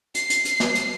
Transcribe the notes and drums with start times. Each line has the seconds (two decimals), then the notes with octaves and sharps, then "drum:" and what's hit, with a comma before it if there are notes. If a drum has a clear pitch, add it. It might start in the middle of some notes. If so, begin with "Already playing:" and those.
0.15 C7, drum: hi-hat
0.30 drum: hi-hat
0.45 drum: hi-hat
0.60 drum: snare
0.75 drum: hi-hat